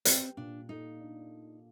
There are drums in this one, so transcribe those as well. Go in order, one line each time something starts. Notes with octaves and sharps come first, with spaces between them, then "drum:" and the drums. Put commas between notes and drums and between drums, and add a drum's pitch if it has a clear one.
G3 C4, drum: hi-hat
A#2 D4
D#4 A4
D4